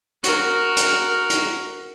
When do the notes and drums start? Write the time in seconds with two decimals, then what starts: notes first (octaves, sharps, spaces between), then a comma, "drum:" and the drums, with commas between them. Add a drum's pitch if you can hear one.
0.24 F#4 A#4, drum: hi-hat
0.77 drum: hi-hat
1.30 drum: hi-hat